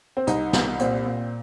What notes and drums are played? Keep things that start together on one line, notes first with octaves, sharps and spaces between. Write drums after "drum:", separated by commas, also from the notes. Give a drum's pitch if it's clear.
C4
C2 D#4, drum: hi-hat
C2, drum: snare
A#2 C4, drum: hi-hat
A#2